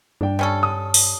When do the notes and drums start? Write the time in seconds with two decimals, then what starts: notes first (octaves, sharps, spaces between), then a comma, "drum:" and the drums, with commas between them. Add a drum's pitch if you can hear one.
0.21 G2 D4 G5
0.39 G3 C#4 A4
0.63 D#6
0.94 drum: open hi-hat